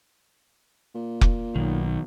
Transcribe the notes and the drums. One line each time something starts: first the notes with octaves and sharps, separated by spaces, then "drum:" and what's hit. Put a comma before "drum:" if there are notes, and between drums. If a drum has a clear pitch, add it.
A#2
drum: kick F1
B1 D#3